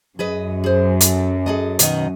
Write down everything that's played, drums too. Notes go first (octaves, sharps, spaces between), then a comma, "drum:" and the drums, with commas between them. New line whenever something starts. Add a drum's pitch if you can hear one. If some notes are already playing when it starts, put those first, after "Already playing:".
F#2 G#4 B4 D#5
G#4 C5
A4, drum: hi-hat
G#4 A4 D#5
B2 D#3 D#5, drum: hi-hat